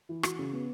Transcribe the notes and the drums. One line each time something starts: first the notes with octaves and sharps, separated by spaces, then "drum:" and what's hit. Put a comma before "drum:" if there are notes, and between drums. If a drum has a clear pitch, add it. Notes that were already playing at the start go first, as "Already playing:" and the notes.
E3
F#4, drum: rim click
C#3
B3